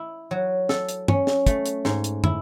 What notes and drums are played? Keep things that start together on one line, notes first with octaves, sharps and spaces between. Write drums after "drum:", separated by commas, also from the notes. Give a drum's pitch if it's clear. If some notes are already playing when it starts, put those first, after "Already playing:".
Already playing: E4
F#3
A4, drum: snare
drum: hi-hat
C#4, drum: tom
drum: snare
A3, drum: kick, hi-hat
drum: hi-hat
G#2, drum: snare
drum: hi-hat
E4, drum: tom